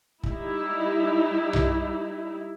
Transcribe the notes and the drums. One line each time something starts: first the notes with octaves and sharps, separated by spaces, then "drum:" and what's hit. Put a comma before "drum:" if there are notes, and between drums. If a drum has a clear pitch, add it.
G3 D#4 E4, drum: kick
drum: tom B1